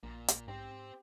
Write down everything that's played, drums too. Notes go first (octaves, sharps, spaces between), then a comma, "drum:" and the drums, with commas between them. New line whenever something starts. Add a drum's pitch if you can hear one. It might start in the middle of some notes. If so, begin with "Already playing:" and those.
A#1 A#2 A#3
drum: hi-hat
G#2 C4 G4 C5